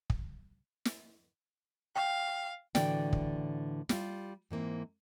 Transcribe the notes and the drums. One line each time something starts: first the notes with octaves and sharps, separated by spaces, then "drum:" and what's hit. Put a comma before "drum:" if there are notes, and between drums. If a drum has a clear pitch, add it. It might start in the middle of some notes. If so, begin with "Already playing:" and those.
drum: kick
drum: snare
F5 G5
A2 D3 E3 F#4 D5 G5, drum: snare
drum: kick
G3 F4, drum: snare
G#2 E3 A#3 C4